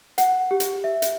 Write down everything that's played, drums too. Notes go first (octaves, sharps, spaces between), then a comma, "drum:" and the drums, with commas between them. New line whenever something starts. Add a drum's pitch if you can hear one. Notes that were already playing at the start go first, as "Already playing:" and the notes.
F#5, drum: hi-hat
G4
drum: hi-hat
E5
drum: hi-hat